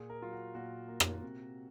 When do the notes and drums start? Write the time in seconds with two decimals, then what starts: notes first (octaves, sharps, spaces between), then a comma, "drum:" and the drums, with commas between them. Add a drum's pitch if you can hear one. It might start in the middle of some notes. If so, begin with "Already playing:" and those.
Already playing: A#2 G#4
0.10 A#4
0.21 F#3 F4
0.32 F#4
0.55 A#2 F#4
0.88 A#3
1.00 drum: rim click
1.23 C3